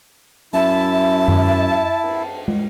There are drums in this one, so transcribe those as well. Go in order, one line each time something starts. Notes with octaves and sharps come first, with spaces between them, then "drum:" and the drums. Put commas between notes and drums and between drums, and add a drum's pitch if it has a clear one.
F#2 E4 E5 A5
drum: tom F#2
drum: cymbal
drum: tom